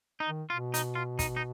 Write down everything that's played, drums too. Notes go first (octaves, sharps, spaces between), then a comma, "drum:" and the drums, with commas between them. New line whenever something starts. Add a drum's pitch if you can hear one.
D#4
D#3
B2 F4
D#4, drum: hi-hat
F4
D#4, drum: kick, hi-hat
D#4